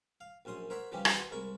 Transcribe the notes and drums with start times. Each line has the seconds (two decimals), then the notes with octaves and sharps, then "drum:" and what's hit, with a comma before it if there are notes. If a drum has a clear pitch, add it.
0.21 F5
0.45 A#1 F#2 C#4 C6 D#6
0.70 A#4 C5 C#5 E5 F#5
0.92 C#3 E3 F3 G3 C#4 G4
1.05 drum: rim click
1.14 F#4 B4 D5 G#5 C6
1.31 C2 G#3 E4 A#4 C#6